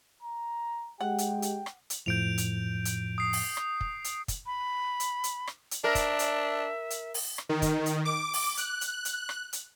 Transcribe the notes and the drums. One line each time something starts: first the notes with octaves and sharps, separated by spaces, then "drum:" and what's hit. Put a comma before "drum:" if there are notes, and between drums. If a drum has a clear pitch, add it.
A#5
G#3 G4 F#5 G5
drum: hi-hat
drum: hi-hat
drum: rim click
drum: hi-hat
F2 A2 F3 G6 D7 F7
drum: hi-hat
drum: hi-hat
D#6 C7
drum: open hi-hat
drum: rim click
drum: kick
drum: hi-hat
drum: kick, hi-hat
B5
drum: hi-hat
drum: hi-hat
drum: rim click
drum: hi-hat
D4 A#4 E5
drum: kick, hi-hat
drum: hi-hat
drum: hi-hat
drum: open hi-hat
drum: rim click
D#3
drum: kick, hi-hat
drum: hi-hat
D6
drum: open hi-hat
F#6, drum: hi-hat
drum: hi-hat
drum: hi-hat
drum: rim click
drum: hi-hat